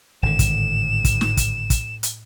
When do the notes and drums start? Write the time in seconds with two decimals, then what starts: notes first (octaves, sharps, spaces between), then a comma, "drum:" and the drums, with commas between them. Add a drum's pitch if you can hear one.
0.23 G#1 A2 D3 E7
0.39 drum: kick, hi-hat
1.05 drum: kick, hi-hat
1.21 drum: snare
1.37 drum: kick, hi-hat
1.70 drum: kick, hi-hat
2.03 drum: hi-hat